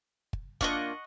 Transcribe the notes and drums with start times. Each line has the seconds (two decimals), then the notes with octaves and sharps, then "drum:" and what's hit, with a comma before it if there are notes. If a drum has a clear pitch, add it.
0.33 drum: kick
0.61 A#3 D4 F4 D#5 F#5 C#6, drum: kick